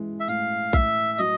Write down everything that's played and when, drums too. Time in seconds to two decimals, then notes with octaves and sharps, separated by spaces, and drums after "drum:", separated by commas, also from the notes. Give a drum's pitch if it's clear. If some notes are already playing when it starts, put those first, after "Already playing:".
Already playing: E3 G#3
0.20 E5
0.28 A2 F5, drum: tambourine
0.73 A2 E5, drum: kick A#1, tambourine
1.18 F#3 D#5, drum: tambourine